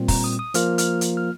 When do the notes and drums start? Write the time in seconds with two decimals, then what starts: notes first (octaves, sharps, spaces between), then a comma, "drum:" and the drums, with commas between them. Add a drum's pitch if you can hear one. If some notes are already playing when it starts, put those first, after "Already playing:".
Already playing: A#2 G3 C4
0.08 A#5, drum: kick, open hi-hat
0.24 D#6
0.39 D#6
0.54 F3 A#3 F4 F6, drum: hi-hat
0.78 F6, drum: hi-hat
1.01 drum: hi-hat
1.17 F6